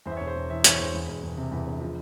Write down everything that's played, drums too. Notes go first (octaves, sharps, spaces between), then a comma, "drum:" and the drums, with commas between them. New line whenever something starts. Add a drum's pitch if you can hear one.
E2 C5
E5
C#5
E1
C5
E1
E3 E5
E2 C#5, drum: hi-hat
E1 C5
E2
E1
E1
C3
E2
E1
F3